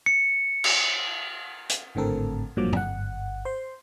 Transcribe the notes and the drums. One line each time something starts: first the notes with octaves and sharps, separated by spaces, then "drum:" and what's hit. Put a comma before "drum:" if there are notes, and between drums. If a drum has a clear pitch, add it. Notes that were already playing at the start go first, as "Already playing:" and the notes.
C#7
drum: cymbal
drum: hi-hat
G#1 A2 D3 C4 A4 A#4
G#1 G2 A#2 F3 F#3 D6
G1 F#5, drum: tom
C5 C6